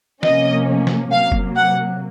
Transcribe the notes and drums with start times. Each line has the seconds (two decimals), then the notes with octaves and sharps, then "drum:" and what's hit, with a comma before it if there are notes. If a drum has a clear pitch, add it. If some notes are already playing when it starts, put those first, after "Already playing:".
0.23 C3 F3 A#3 C#4 D#5, drum: snare
0.87 drum: snare
1.12 C3 F#3 A#3 F5
1.32 drum: kick F#1
1.56 F#5